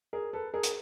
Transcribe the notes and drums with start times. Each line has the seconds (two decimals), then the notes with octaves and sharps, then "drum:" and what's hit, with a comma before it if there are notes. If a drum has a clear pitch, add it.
0.13 G#4 A#4
0.33 A4 B4
0.54 G#4 A#4
0.63 drum: hi-hat